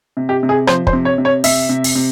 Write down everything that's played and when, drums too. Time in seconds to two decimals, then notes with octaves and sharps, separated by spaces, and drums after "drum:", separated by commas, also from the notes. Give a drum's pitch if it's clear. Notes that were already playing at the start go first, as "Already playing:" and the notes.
0.17 C3
0.29 G4
0.43 C3
0.49 G#4
0.67 F3 C5, drum: rim click
0.87 C5, drum: kick
0.93 C3
1.05 C#5
1.18 C3
1.25 C#5
1.44 C3 E5, drum: open hi-hat
1.69 C3
1.84 drum: open hi-hat
1.95 C3